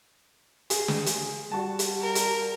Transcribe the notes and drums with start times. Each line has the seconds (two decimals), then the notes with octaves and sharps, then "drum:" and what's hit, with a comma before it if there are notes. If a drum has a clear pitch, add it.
0.70 G#4, drum: hi-hat
0.88 drum: snare
1.06 drum: hi-hat
1.52 G3 F#4 A5
1.79 drum: hi-hat
2.01 A#4
2.15 drum: hi-hat